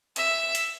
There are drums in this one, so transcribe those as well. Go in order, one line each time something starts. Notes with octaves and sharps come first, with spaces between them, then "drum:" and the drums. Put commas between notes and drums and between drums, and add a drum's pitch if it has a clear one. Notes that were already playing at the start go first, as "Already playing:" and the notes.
E5, drum: hi-hat
drum: hi-hat